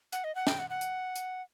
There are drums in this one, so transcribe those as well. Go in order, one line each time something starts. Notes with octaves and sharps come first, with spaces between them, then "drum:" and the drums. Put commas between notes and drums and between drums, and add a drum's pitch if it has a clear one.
F#5, drum: hi-hat
D#5
F#5
G5, drum: snare
F#5
F#5
drum: hi-hat
drum: hi-hat